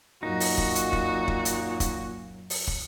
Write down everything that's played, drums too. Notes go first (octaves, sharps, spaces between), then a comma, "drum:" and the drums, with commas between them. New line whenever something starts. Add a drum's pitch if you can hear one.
F#2 A#2 F#3 D#4 F#4
drum: open hi-hat
drum: kick
drum: hi-hat
drum: kick
drum: kick
drum: hi-hat
drum: kick, hi-hat
drum: open hi-hat
drum: kick